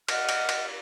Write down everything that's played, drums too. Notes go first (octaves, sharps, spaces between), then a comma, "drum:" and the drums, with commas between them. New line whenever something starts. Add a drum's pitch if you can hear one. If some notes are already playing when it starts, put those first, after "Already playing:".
D#5 F#5 F6, drum: cymbal
drum: cymbal
drum: cymbal